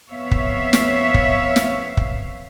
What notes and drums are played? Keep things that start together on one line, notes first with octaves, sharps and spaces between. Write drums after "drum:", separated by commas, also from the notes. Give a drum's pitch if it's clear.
F2 B3 C#5 E5 F5
drum: kick
drum: snare
drum: kick
drum: snare
drum: kick